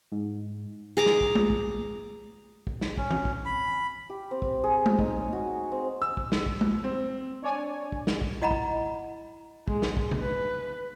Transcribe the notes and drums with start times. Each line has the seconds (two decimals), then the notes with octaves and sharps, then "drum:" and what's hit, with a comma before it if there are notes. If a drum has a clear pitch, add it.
0.12 G#2
0.97 G#4 A#5 D6
1.06 drum: snare
1.21 drum: kick
1.35 drum: tom G#3
1.50 drum: kick
2.67 drum: kick
2.81 drum: snare
2.97 C#4, drum: kick
3.11 drum: tom E3
3.25 drum: kick
3.45 B5
4.10 G4
4.31 C4
4.42 drum: kick
4.64 G#4
4.86 drum: tom G#3
4.99 D#4, drum: kick
5.20 C#5
5.33 F#4
5.72 C4
6.02 E6
6.17 drum: kick
6.32 drum: snare
6.46 drum: kick
6.61 drum: tom G#3
6.84 C4
7.42 D4 C#5 D5 G#5
7.92 drum: kick
8.07 drum: snare
8.22 drum: kick
8.42 E4 D#5 F#5 A#5 B5
8.51 drum: kick
9.68 G#3, drum: kick
9.82 drum: snare
9.97 drum: kick
10.11 drum: tom C3
10.22 B4